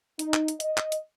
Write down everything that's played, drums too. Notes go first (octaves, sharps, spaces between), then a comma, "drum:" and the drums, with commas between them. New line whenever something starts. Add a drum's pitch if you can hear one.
D#4, drum: hi-hat
drum: clap
drum: hi-hat
D#5, drum: hi-hat
drum: clap
drum: hi-hat